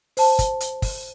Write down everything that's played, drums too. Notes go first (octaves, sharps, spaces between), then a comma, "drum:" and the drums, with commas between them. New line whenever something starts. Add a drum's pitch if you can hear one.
C5 A5, drum: open hi-hat
drum: kick, hi-hat
drum: hi-hat
drum: kick, open hi-hat